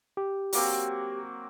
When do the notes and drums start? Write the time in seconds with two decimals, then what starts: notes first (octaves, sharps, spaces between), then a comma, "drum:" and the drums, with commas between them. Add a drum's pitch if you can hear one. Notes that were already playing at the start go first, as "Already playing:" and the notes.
0.17 G4
0.53 F#3 A#3 C4, drum: open hi-hat